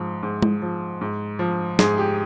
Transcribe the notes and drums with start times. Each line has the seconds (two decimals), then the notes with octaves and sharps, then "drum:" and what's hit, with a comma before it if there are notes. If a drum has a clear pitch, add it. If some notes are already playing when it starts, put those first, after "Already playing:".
Already playing: G#2 F3
0.23 G#2
0.42 drum: tom G#3
0.62 F3
1.01 G#2
1.39 F3
1.79 G#2 G#4, drum: snare
1.98 G4